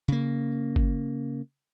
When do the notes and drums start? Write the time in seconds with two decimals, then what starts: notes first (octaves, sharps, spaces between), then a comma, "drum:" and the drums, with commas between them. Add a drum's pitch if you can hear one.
0.08 C#3 A#3
0.76 drum: kick G1